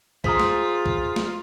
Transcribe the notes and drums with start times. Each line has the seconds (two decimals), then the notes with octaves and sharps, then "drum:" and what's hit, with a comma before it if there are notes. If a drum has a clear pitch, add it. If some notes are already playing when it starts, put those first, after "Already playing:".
0.24 F4 G#4 C5 A#5 D#6 B6, drum: kick
0.40 drum: snare
0.86 drum: kick
1.16 drum: snare